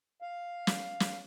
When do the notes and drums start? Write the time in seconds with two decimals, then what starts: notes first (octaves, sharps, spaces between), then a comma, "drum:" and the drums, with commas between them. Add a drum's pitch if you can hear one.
0.22 F5
0.67 drum: snare
1.00 drum: snare